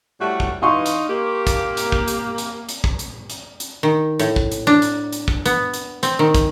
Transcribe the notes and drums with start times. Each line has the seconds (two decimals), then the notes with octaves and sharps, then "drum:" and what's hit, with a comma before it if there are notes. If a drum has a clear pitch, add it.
0.20 A2 G3 A3 F#4
0.40 drum: kick
0.62 E3 D#4 F5 C6 C#6
0.86 drum: hi-hat
1.09 A#3 G4
1.47 drum: kick, hi-hat
1.77 drum: hi-hat
1.92 drum: kick
2.08 drum: hi-hat
2.38 drum: hi-hat
2.69 drum: hi-hat
2.84 drum: kick
2.99 drum: hi-hat
3.30 drum: hi-hat
3.60 drum: hi-hat
3.83 D#3
4.19 A2, drum: hi-hat
4.36 drum: kick
4.52 drum: hi-hat
4.67 D4
4.82 drum: hi-hat
5.13 drum: hi-hat
5.28 drum: kick
5.46 B3, drum: hi-hat
5.73 drum: hi-hat
6.03 C4, drum: hi-hat
6.19 D#3
6.34 drum: kick, hi-hat